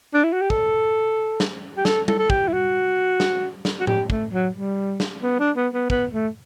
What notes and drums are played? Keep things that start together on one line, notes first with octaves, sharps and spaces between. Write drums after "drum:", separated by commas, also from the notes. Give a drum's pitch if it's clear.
D4
E4
F#4
G4
A4, drum: kick
drum: snare
G4
A4, drum: snare
A4, drum: tom G3
A4
G4, drum: kick
E4
F#4
drum: snare
drum: snare
F#4
G4, drum: tom A2
A3, drum: kick
F#3
G3
drum: snare
B3
D4
B3
B3
B3, drum: kick
A3